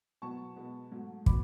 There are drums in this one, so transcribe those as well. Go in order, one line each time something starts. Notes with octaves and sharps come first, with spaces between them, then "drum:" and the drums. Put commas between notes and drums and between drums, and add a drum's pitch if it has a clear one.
B2 F#3 B3 A5 C#6
B2 G#3 B3
G#2 F#3 A3
F#3 B3 B5 D6, drum: kick